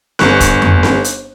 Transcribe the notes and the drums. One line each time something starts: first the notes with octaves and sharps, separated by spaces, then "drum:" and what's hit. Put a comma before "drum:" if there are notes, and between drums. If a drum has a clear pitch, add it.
G1 C#6 F#6, drum: snare C4
drum: kick, hi-hat
drum: tom F2
drum: snare C4
drum: hi-hat